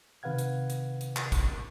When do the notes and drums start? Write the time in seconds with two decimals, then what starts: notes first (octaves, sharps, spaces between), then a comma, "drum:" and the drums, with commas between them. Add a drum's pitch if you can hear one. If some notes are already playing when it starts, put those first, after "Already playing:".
0.23 C3 D#3 B4 F5 F#5 G#6
0.38 drum: hi-hat
0.70 drum: hi-hat
1.01 drum: hi-hat
1.16 drum: clap
1.32 drum: kick, hi-hat